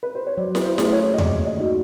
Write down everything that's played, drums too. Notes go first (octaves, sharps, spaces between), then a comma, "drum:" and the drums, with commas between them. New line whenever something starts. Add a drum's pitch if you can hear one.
B4
C5
C#5
F#3 D5
B4, drum: snare E4
C5
A3 C#4 F4 G#4, drum: snare E4
C#5
D#5
A#3 D5, drum: tom E2
D#5
D#4 F#4